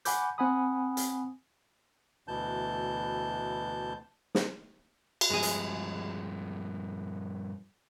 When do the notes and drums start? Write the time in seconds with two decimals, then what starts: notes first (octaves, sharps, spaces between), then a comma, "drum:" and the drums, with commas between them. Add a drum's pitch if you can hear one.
0.05 F#5 G#5 B5 D6 G6, drum: hi-hat
0.38 C4 F#5 G#5 B5 D#6
0.97 drum: hi-hat
2.28 D2 B2 E3 A5 G6
4.35 drum: snare
5.21 drum: cymbal
5.30 G2 F3 G#3 G#4
5.43 drum: hi-hat